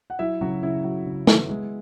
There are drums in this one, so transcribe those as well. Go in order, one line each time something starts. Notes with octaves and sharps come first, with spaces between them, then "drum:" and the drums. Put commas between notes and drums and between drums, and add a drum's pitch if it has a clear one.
F#5
F#3 E4 E5
C#3 F#3 F#4
C#3 E4
F#3
C#3
B3, drum: snare
G#3